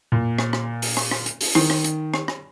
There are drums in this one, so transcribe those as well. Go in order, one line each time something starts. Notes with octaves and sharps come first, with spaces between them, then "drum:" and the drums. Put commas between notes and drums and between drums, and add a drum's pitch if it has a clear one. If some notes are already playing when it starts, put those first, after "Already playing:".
A#2
drum: rim click
drum: rim click
drum: open hi-hat
drum: rim click
drum: rim click
drum: hi-hat
drum: open hi-hat
D#3, drum: rim click
drum: rim click
drum: hi-hat
drum: rim click
drum: rim click